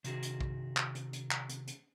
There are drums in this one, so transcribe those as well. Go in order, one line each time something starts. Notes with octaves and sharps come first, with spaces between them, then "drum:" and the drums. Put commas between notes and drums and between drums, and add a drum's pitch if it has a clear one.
C3 D#3 F#4 G#4, drum: hi-hat
drum: hi-hat
drum: kick
drum: clap
drum: hi-hat
drum: hi-hat
drum: clap
drum: hi-hat
drum: hi-hat